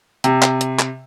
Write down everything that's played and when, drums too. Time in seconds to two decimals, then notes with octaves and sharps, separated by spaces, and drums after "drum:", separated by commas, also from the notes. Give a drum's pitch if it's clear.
0.24 C3, drum: hi-hat
0.42 drum: clap
0.61 drum: hi-hat
0.79 drum: clap